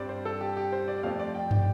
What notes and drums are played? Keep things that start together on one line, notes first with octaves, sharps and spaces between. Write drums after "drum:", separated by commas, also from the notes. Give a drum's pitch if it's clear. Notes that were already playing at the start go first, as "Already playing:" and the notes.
Already playing: G2 G3 C4 D5
C5
A4
G4
G4
C5
D5
D5
F2 F3 A3 C4 F5
D5
G5
G5, drum: tom